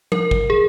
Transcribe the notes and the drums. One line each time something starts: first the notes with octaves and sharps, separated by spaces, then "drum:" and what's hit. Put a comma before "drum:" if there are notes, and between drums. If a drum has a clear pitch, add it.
A#4, drum: tom F3
drum: kick
G#4